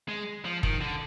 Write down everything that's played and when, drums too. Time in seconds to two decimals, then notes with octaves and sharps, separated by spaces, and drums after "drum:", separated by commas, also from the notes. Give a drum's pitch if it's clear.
0.09 G#3
0.45 F3
0.63 D#3, drum: kick
0.81 D3